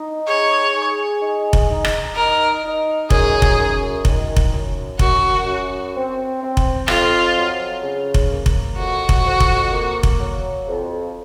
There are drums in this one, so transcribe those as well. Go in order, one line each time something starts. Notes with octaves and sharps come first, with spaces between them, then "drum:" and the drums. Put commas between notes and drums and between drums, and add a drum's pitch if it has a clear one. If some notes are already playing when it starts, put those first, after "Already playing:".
Already playing: D#4
G#4 C#5
G#4
D#4
drum: kick F1
D#4
drum: rim click
D#4 A#4
D#4
F#2 G#4, drum: kick F1
drum: kick F1
F#2
D#3, drum: kick F1
drum: kick F1
F#2
F#2 F#4, drum: kick F1
F#2
C4
C4
drum: kick F1
F2 F4, drum: rim click
F#3
C#3
drum: kick F1
A#3
drum: kick F1
F2 F#4
drum: kick F1
F2
drum: kick F1
A#3
drum: kick F1
F#3
F2